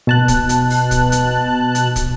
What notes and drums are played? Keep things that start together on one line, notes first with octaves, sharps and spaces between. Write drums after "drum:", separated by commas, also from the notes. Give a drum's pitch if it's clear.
B2 A5 F#6
drum: kick, hi-hat
drum: hi-hat
drum: open hi-hat
drum: kick, hi-hat
drum: hi-hat
drum: hi-hat
drum: kick, hi-hat